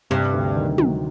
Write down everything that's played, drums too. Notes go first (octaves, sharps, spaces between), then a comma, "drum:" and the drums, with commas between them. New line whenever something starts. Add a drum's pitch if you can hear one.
G2 C3
D2
D#3
F#3, drum: tom